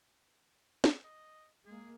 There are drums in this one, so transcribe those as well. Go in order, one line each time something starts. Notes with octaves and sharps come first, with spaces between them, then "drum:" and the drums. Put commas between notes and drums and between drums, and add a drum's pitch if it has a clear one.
drum: snare
D#5
G#3 A#3 G#4